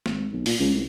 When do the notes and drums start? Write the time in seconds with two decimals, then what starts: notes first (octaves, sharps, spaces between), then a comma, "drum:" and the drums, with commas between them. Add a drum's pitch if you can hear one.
0.06 G#1, drum: snare
0.32 B1
0.46 A#2, drum: open hi-hat
0.60 C#2
0.73 C2